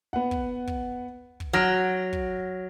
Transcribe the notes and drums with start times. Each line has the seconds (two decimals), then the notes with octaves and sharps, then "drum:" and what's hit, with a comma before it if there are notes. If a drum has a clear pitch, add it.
0.13 B3 F#5
0.31 drum: kick
0.67 drum: kick
1.40 drum: kick
1.53 F#3 F6 A#6 D7
2.13 drum: kick